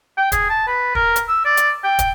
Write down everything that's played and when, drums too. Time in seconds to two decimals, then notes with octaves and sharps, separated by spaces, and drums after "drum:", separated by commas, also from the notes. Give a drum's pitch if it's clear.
0.17 G5
0.32 G#4, drum: kick, hi-hat
0.49 A5
0.67 B4
0.95 A#4, drum: kick
1.16 drum: hi-hat
1.28 E6
1.45 D5
1.57 drum: hi-hat
1.84 G5
1.99 drum: kick, hi-hat